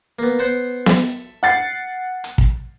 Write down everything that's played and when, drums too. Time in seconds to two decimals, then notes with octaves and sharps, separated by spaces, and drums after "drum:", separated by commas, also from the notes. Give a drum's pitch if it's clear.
0.19 A#3 B3
0.39 B3 C5 F#5
0.86 A4 E5, drum: snare B3
1.43 F#5 A6 C7
2.24 drum: hi-hat
2.38 drum: kick